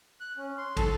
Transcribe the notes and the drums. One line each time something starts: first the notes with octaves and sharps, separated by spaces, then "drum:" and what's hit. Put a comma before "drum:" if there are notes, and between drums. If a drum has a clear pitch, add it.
F#6
C#4
C6
A4, drum: kick, cymbal